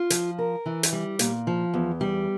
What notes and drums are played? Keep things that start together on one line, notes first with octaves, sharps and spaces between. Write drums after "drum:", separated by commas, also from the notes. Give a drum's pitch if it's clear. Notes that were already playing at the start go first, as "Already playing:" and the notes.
Already playing: F4
F3, drum: hi-hat
A#4
E3
drum: hi-hat
G3
A#2, drum: hi-hat
F3
E2
G3